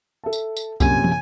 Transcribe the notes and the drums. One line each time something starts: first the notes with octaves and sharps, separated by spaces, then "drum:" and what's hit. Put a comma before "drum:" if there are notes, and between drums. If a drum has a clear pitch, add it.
A4 E5 A5
drum: tambourine
drum: tambourine
A#1 F#2 C3 G#5, drum: kick C2, tambourine
drum: tom